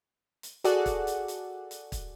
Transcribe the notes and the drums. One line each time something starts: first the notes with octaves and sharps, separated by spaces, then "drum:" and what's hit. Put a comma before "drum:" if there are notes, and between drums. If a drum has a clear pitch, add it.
drum: hi-hat
F#4 G#4 A4 D5 F#5, drum: hi-hat
drum: kick, hi-hat
drum: hi-hat
drum: hi-hat
drum: hi-hat
drum: kick, hi-hat